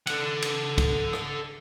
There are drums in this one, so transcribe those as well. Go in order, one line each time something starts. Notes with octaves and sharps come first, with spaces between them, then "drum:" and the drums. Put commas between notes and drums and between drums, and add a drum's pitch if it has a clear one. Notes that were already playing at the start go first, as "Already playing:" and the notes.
A4 F#5, drum: cymbal
drum: cymbal
drum: kick, cymbal
drum: rim click